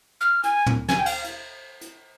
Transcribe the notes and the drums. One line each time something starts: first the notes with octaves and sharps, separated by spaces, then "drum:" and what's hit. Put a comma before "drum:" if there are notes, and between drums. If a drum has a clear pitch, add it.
F6
G#5, drum: hi-hat
drum: tom
G#5, drum: snare
G5
F5, drum: cymbal
drum: hi-hat
drum: hi-hat